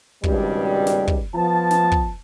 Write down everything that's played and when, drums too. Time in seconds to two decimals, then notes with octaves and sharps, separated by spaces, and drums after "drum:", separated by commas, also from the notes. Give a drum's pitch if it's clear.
0.24 G#1 C#2 G2 B2 G3, drum: kick
0.87 drum: snare
1.08 drum: kick
1.34 F3 B3 A5
1.71 drum: snare
1.92 drum: kick